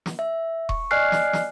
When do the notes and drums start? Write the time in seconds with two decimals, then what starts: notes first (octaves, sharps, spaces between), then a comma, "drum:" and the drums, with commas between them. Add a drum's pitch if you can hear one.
0.06 drum: snare
0.19 E5
0.69 C#6, drum: kick D#1
0.91 D5 D#5 G#5 F6 F#6 C7
1.12 drum: snare
1.33 drum: snare